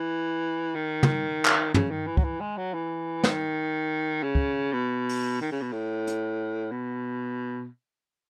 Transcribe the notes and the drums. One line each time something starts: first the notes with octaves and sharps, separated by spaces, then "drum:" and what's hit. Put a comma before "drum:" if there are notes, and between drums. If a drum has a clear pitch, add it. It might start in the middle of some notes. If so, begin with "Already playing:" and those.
Already playing: E3
D#3
drum: tom
drum: clap
C#3, drum: tom
D#3
E3
F#3, drum: kick
E3
G#3
F#3
E3
D#3, drum: snare
C#3
drum: kick
B2
drum: open hi-hat
D#3
C#3
B2
A2
drum: hi-hat
B2